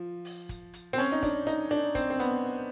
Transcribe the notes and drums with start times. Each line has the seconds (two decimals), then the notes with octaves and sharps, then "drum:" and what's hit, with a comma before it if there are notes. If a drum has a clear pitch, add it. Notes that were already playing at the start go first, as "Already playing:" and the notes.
Already playing: F3
0.25 drum: open hi-hat
0.49 drum: kick, hi-hat
0.74 drum: hi-hat
0.93 C4
0.98 C#4, drum: open hi-hat
1.12 D#4
1.23 D4, drum: kick, hi-hat
1.47 D#4, drum: hi-hat
1.71 D4
1.95 C4, drum: kick, hi-hat
2.10 C4
2.20 B3, drum: hi-hat